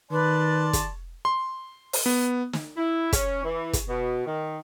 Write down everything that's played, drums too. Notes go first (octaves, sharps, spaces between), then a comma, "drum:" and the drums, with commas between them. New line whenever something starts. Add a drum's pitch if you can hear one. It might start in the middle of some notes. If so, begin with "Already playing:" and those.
D#3 B4 D5 A5 C6
drum: kick, hi-hat
C6
drum: open hi-hat
B3
drum: snare
E4
C#4, drum: kick, hi-hat
E3
drum: kick, hi-hat
B2
D#3